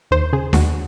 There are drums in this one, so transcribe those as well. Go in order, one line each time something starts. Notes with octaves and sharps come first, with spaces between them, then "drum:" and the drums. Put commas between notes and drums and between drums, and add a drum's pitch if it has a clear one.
D#2 C5
C#3 G#4
D#2 F#4, drum: snare D4